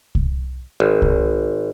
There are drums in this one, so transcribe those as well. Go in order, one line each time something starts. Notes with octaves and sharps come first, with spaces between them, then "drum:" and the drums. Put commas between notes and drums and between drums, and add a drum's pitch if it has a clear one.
drum: kick C2
G#1
drum: kick C2